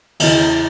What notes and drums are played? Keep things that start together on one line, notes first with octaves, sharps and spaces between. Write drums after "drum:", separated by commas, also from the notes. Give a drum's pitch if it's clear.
E2 C#3 E3 D#5, drum: cymbal